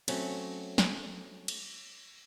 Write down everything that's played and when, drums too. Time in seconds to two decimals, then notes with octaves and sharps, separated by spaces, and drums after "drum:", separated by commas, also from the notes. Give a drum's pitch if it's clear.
0.08 F#3 A3 C4 C#4, drum: cymbal
0.78 drum: snare
1.48 drum: cymbal